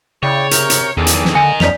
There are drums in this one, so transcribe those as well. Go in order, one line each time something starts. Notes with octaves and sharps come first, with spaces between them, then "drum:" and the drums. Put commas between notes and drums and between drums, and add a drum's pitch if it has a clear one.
C#3 E4 C#5 D5 G5
C3 A#4 G6, drum: hi-hat
drum: hi-hat
E2 D#3 E3 G#4 A4
drum: hi-hat
drum: snare
D3 A#4 D#5 G#5
F2 F3 C#4 D#4 D5 B6 F7, drum: snare